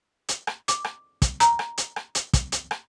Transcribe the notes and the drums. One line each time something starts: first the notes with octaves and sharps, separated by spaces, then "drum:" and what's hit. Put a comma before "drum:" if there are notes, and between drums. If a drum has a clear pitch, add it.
drum: hi-hat
drum: rim click
D6, drum: hi-hat
drum: rim click
drum: kick, hi-hat
A#5, drum: hi-hat
drum: rim click
drum: hi-hat
drum: rim click
drum: hi-hat
drum: kick, hi-hat
drum: hi-hat
drum: rim click